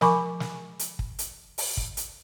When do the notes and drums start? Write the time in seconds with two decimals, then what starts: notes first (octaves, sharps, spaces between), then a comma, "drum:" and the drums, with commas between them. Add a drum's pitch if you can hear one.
0.01 F3 A#4 G#5 B5 C#6 D6, drum: snare
0.40 drum: snare
0.79 drum: hi-hat
0.99 drum: kick
1.19 drum: hi-hat
1.58 drum: open hi-hat
1.77 drum: kick
1.97 drum: hi-hat